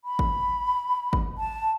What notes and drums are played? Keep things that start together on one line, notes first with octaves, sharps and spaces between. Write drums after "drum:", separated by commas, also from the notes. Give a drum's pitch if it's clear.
B5
drum: kick G#1
drum: kick G#1
A5